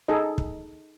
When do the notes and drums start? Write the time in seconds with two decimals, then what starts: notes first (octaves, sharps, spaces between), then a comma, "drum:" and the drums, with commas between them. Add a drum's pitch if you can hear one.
0.08 D#4 G#4 A4 D#5
0.38 drum: kick